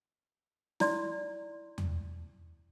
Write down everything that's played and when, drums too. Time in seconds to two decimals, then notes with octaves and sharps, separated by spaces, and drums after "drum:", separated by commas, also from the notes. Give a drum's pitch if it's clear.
0.80 E4 D5 C6, drum: snare
1.78 drum: tom E2